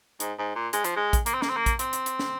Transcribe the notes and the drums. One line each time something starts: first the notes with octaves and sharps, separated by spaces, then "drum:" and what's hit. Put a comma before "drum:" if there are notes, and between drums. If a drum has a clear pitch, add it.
G#2, drum: hi-hat
G#2
A#2
G#3, drum: hi-hat
F3, drum: hi-hat
G#3
drum: kick A#1, hi-hat
A#3, drum: hi-hat
C4
A#3, drum: snare
C4
A#3
drum: kick A#1, hi-hat
C4, drum: hi-hat
drum: hi-hat
drum: hi-hat
drum: snare